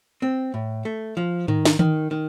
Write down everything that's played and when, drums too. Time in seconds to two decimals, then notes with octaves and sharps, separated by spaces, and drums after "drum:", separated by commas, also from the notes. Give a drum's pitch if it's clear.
0.22 C4
0.54 A2
0.85 A3
1.17 F3
1.48 D#3, drum: tom G#2
1.65 drum: snare
1.79 D#3, drum: tom D#3
2.11 D#3